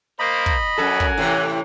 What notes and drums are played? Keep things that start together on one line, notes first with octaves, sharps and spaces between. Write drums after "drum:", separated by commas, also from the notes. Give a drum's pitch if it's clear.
A#3 A#4 C5 D#5 B5
drum: kick
F#2 A4 A#4 F#5 G#5
drum: kick
A2 C3 E3